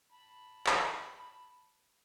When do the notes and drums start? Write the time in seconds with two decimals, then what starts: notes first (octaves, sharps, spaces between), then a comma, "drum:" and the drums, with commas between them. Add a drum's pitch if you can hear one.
0.12 A5 B5
0.67 drum: clap